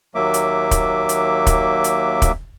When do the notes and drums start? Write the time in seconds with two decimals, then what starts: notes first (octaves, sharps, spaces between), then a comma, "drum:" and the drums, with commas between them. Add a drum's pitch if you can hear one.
0.15 D#2 F#3 A#3 E5 D6
0.34 drum: hi-hat
0.71 drum: kick, hi-hat
1.09 drum: hi-hat
1.47 drum: kick, hi-hat
1.84 drum: hi-hat
2.22 drum: kick, hi-hat